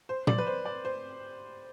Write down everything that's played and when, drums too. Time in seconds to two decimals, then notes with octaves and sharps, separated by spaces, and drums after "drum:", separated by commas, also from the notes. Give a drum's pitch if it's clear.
0.09 C5
0.27 D5, drum: tom A#2
0.38 B4
0.47 C5
0.65 D5
0.85 C5